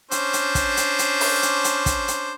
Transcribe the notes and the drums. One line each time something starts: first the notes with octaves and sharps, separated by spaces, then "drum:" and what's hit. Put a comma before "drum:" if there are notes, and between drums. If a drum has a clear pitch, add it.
C#4 D4 C5, drum: hi-hat
drum: hi-hat
drum: kick, hi-hat
drum: hi-hat
drum: hi-hat
drum: open hi-hat
drum: hi-hat
drum: hi-hat
drum: kick, hi-hat
drum: hi-hat